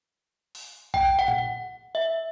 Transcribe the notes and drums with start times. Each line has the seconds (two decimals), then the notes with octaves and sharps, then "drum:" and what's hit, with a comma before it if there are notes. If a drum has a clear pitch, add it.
0.55 drum: open hi-hat
0.94 G5, drum: kick A#1
1.19 F#5
1.28 drum: tom A#2
1.95 E5